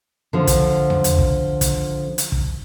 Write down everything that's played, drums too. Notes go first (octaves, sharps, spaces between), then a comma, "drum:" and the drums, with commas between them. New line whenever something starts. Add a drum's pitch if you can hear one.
D3 F3
drum: kick, hi-hat
drum: tom E2
drum: hi-hat
drum: kick
drum: kick, hi-hat
drum: hi-hat
drum: kick